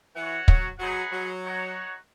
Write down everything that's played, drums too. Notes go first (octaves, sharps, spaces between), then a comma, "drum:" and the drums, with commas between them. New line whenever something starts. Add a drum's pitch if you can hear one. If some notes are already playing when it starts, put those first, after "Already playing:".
E3 F#4 C#5 F#5
F#3, drum: kick
F#3 D#4 G#4 B4 F#5
F#3
D#4 F#4 C#5 F#5